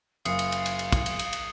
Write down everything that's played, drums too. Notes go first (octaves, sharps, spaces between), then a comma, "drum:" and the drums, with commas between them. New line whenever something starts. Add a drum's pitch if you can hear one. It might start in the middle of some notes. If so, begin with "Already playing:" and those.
F#1 F5 D#6 C7 C#7, drum: cymbal
drum: cymbal
drum: cymbal
drum: cymbal
drum: cymbal
drum: kick, cymbal
drum: cymbal
drum: cymbal
drum: cymbal